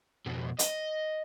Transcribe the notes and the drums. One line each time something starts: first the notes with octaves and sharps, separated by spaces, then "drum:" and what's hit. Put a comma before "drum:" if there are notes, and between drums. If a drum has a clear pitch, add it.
F2 B2
D#5, drum: hi-hat